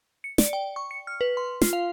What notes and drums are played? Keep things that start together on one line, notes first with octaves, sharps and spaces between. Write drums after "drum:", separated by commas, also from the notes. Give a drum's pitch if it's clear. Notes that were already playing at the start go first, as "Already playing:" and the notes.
C#7
D5, drum: snare
G5
C#6
C#7
F6
B4
C6
F4, drum: snare
F5